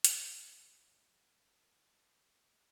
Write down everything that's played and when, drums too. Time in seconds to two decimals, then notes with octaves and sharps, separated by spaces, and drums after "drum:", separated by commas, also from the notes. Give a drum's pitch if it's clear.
0.04 drum: hi-hat
0.20 G2
0.41 C5
0.85 F#3
1.03 C#3
1.24 F#4
1.39 D#3
1.88 D4
2.06 G#2
2.36 C#4